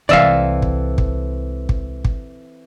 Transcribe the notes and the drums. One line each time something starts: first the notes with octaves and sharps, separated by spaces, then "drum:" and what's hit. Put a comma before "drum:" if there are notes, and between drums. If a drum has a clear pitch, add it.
C2 E3 G#3 C4 A4 D5 E5 F5
drum: kick
drum: kick
drum: kick
drum: kick